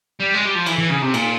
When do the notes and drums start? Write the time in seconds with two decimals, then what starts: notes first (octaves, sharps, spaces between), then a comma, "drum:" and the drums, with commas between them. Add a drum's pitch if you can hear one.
0.20 G3
0.34 G#3
0.45 G3
0.55 F3
0.66 E3, drum: cymbal
0.78 E3
0.90 C#3
1.02 C3
1.14 A#2, drum: cymbal